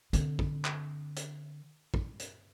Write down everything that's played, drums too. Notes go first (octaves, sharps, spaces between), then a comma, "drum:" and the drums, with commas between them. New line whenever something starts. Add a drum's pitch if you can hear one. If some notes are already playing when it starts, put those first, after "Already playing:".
D3 C4, drum: hi-hat
drum: kick
drum: clap
drum: hi-hat
drum: kick
drum: hi-hat